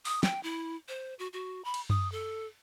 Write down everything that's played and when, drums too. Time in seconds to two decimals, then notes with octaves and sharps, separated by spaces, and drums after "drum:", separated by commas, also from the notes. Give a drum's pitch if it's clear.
0.05 D#6, drum: open hi-hat
0.23 G5, drum: snare
0.43 E4
0.88 C5
1.19 F#4
1.33 F#4
1.65 B5
1.74 drum: cymbal
1.90 D#6, drum: tom F#2
2.12 A4